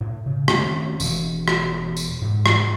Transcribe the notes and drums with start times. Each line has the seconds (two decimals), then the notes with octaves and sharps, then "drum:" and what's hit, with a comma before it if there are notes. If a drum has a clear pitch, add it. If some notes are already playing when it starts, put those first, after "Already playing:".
0.01 A2
0.26 C#3
0.48 D#3 A3 C4 C#4, drum: rim click
1.00 E1, drum: tambourine
1.48 drum: rim click
1.97 drum: tambourine
2.22 G#2
2.46 drum: rim click